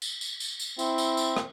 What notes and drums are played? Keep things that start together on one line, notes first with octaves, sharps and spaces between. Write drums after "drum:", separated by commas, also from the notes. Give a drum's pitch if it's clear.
drum: tambourine
drum: tambourine
drum: tambourine
drum: tambourine
C4 E4, drum: tambourine
drum: tambourine
drum: tambourine
drum: rim click